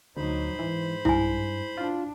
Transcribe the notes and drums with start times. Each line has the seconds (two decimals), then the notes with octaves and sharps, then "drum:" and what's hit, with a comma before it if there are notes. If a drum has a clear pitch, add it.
0.17 D2 F#3 D#4 C5 B5
0.59 G#2 E3
1.05 G2 E4 G#5, drum: tom B1
1.77 D4 F4